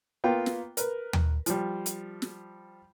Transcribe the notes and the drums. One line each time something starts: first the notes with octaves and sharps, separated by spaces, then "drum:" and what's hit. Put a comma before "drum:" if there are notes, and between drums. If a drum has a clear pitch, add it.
A#3 B3 F4 G5
drum: snare
A#4 B4, drum: hi-hat
drum: tom
F3 G3, drum: hi-hat
drum: hi-hat
drum: snare